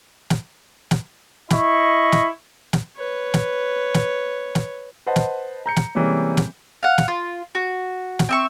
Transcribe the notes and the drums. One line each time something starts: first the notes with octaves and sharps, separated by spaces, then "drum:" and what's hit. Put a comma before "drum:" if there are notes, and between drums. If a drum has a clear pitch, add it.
drum: snare
drum: snare
E4 D#5 C#6, drum: snare
drum: snare
drum: snare
B4 C#5
drum: snare
drum: snare
drum: snare
B4 C5 D#5 F#5 A5
drum: snare
A#5 G6 C#7
drum: snare
C3 E3 G3 G#3 A#3 C#4
drum: snare
F5 F#5
drum: snare
F4
F#4
drum: snare
C4 E5 C#6